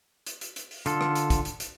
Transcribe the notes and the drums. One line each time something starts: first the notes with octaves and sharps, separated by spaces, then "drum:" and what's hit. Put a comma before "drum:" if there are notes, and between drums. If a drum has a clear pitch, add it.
drum: hi-hat
drum: hi-hat
drum: hi-hat
drum: open hi-hat
D3 F4 A4, drum: hi-hat
drum: rim click
drum: hi-hat
drum: kick, hi-hat
drum: hi-hat
drum: hi-hat